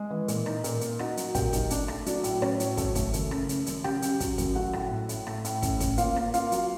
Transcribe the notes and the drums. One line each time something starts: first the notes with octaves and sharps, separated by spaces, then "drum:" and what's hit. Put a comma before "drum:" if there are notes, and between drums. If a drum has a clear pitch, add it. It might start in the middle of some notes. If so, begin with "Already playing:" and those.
Already playing: G#3
E3
A#2, drum: hi-hat
D#4, drum: rim click
A#2, drum: hi-hat
A#3, drum: hi-hat
D#4 F#4 F#5, drum: rim click
F#3, drum: hi-hat
A#2 G4 G5, drum: kick, hi-hat
D#4, drum: kick, hi-hat
A3 D4 D5, drum: hi-hat
A3, drum: rim click
F#3 D4 D5, drum: hi-hat
A2, drum: hi-hat
A2 C#4 C#5, drum: rim click
F#3, drum: hi-hat
A3, drum: kick, hi-hat
A3, drum: kick, hi-hat
F#1, drum: hi-hat
C#3, drum: rim click
C#3, drum: hi-hat
F#2, drum: hi-hat
C#3 G4 G5, drum: rim click
C#3, drum: hi-hat
F#3, drum: kick, hi-hat
F#2, drum: kick, hi-hat
A3 F#4 F#5
A2, drum: rim click
A2
A2, drum: hi-hat
A3, drum: rim click
A2, drum: hi-hat
C#4, drum: kick, hi-hat
C#4, drum: kick, hi-hat
A#3 F4 F5, drum: hi-hat
A#3, drum: rim click
A#3 F4 F5, drum: hi-hat
F#3, drum: hi-hat